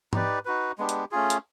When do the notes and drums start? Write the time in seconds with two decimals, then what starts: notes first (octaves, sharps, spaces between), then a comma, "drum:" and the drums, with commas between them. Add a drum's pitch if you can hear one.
0.13 D#4 G4 B4 D5, drum: tom
0.45 D#4 F#4 B4
0.78 G#3 B3 D4 G4
0.89 drum: hi-hat
1.11 A3 C#4 F4 G#4
1.30 drum: hi-hat